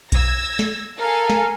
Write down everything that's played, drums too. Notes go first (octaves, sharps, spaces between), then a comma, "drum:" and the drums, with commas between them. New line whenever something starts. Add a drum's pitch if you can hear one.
E6 G#6 A#6, drum: kick B1, hi-hat
drum: snare
A4 A#4 F5 G#5
drum: snare